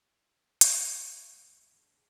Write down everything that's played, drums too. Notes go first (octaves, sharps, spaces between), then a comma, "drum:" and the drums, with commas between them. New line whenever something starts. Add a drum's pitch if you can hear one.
drum: hi-hat
A1 F2 A3 C5 F#5
D3 G#4 A4 G5 A5